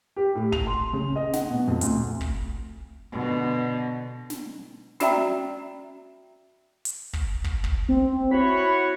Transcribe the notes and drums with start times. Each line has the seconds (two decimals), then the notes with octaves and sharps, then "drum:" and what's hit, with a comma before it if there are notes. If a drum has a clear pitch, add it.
0.16 G4
0.35 A2
0.52 F7, drum: kick
0.67 C6
0.93 C#3
1.16 D#5
1.33 F#5, drum: snare
1.50 B2
1.68 F2
1.81 D2, drum: hi-hat
2.21 drum: kick
3.12 B2 D3
4.30 drum: snare
5.00 C#4 F#4 D5 E5 G5 A#5, drum: snare
6.85 drum: hi-hat
7.13 drum: kick
7.44 drum: kick
7.64 drum: kick
7.89 C4
8.31 E4 F#4 C#5 B5